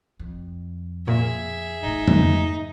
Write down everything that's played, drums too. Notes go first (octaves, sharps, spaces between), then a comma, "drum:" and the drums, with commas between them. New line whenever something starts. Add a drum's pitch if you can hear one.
F2
A#2 G#4 E5
G#2 A3 D#4
drum: tom F2